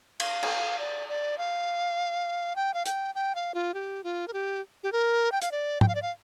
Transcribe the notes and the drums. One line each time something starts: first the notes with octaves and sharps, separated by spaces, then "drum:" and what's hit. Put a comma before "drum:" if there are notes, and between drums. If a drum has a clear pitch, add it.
F5, drum: cymbal
drum: cymbal
D5
D5
F5
G5
F5
G5, drum: hi-hat
G5
F5
F4
G4
F4
A#4
G4
G4
A#4
G5
F5, drum: hi-hat
D5
G5, drum: tom
F5
D5
F5